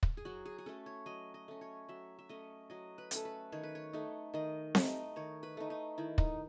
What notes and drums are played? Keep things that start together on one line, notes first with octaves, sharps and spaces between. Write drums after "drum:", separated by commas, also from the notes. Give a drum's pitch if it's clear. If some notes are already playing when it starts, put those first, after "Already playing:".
drum: kick
G#4
F#3 F#4
G#4
G#4
A3 C#4 A4
C#5
F#3 D#5
D#5
A3 C#4
C#5
F#3 E5
E5
A3 C#4 D#5
F#3 D#5
B4
A3 C#4 A4, drum: hi-hat
B4
D#3 C#5
B4
C#5
A3 D#4
D#3 D#5
A3 D#4 D#5, drum: snare C4
D#3 C#5
B4
A3 D#4
D#4
D#3 E4
D#4, drum: kick